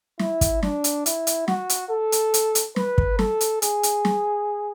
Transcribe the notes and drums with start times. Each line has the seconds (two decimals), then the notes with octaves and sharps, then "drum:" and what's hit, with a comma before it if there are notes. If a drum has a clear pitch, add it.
0.19 E4, drum: snare
0.41 drum: kick, hi-hat
0.63 D4, drum: snare
0.84 drum: hi-hat
1.06 E4, drum: hi-hat
1.27 drum: hi-hat
1.48 F#4, drum: snare
1.70 drum: hi-hat
1.91 A4
2.12 drum: hi-hat
2.34 drum: hi-hat
2.55 drum: hi-hat
2.76 B4, drum: snare
2.98 drum: kick
3.19 A4, drum: snare
3.41 drum: hi-hat
3.62 G#4, drum: hi-hat
3.83 drum: hi-hat
4.05 drum: snare